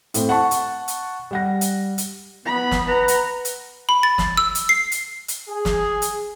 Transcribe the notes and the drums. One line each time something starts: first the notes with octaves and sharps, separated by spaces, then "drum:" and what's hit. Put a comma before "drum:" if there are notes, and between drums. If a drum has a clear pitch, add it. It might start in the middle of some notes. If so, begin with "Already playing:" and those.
A2 C4, drum: hi-hat
F#5 A5 C#6
drum: hi-hat
drum: hi-hat
G3 F#5 A#6
drum: hi-hat
drum: hi-hat
B3 B5
drum: snare
B4 F#5 A#5
drum: hi-hat
drum: hi-hat
B5
A6
drum: snare
E6
drum: hi-hat
C7
drum: hi-hat
drum: hi-hat
G#4
drum: snare
drum: hi-hat